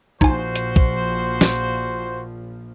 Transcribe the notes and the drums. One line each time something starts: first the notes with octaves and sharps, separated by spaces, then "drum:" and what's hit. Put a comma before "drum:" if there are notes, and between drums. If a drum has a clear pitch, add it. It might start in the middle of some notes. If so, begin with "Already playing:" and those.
A#1 F3 D#4 F#4 C5 G#5, drum: kick B1
drum: hi-hat
drum: kick B1
drum: snare